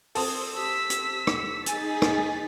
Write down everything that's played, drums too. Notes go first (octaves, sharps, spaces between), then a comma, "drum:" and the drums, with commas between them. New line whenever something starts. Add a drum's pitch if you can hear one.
C4 A4 D#6, drum: open hi-hat
G4 E6 B6
drum: hi-hat
drum: rim click
D#4 G#4 G#5 A6 B6, drum: hi-hat
drum: rim click